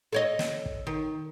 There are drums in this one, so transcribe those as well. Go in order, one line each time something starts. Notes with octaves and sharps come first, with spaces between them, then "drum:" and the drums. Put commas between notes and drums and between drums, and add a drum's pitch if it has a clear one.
A4 C#5 D#5
drum: snare
drum: kick
D#3